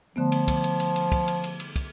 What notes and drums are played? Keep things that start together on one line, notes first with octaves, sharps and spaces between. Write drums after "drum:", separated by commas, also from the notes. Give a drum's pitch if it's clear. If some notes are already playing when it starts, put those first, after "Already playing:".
D3 F3 A3 B3
drum: cymbal
drum: kick, cymbal
drum: cymbal
drum: cymbal
drum: cymbal
drum: kick, cymbal
drum: cymbal
drum: cymbal
drum: cymbal
drum: kick, cymbal